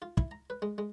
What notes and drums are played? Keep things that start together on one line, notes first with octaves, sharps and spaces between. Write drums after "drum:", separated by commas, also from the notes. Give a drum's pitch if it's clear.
F4
E4, drum: kick
A#5
B4
G#3
G#3